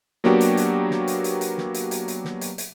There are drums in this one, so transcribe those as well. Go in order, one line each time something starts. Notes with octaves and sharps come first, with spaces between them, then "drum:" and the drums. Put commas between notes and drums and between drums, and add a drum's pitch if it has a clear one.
F#3 A#3 B3 D4 F#4 G4, drum: snare
drum: hi-hat
drum: hi-hat
drum: snare
drum: hi-hat
drum: hi-hat
drum: hi-hat
drum: snare
drum: hi-hat
drum: hi-hat
drum: hi-hat
drum: snare
drum: hi-hat
drum: hi-hat